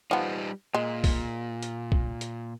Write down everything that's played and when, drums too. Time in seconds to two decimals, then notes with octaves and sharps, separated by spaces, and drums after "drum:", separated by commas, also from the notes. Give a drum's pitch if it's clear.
0.11 F3 G3 B3 D#4
0.75 A#2 G#3
1.04 drum: kick B1, open hi-hat
1.62 drum: hi-hat
1.92 drum: kick B1
2.21 drum: hi-hat